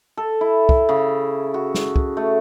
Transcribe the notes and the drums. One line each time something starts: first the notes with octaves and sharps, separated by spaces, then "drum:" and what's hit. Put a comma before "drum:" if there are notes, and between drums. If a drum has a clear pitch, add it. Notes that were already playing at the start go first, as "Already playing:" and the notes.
A4
E4
drum: kick
C#3
F#4
drum: snare
drum: kick
A3